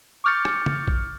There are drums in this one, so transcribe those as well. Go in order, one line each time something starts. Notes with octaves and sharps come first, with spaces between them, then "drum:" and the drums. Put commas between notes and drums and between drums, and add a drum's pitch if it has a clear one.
C#6 D6 F6 G6 A6 C#7
drum: rim click
drum: tom
drum: kick